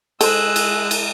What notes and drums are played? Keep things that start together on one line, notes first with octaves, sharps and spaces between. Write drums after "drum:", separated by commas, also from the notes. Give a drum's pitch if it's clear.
G#3 A4 C5 E6 F#6, drum: cymbal
drum: cymbal
drum: cymbal